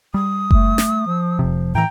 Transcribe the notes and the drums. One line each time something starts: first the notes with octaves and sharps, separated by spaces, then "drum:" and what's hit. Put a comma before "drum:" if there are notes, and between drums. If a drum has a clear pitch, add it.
G3 D#6
A3, drum: kick F#1
drum: snare
F3
F1 C3
A2 E3 G5 A#5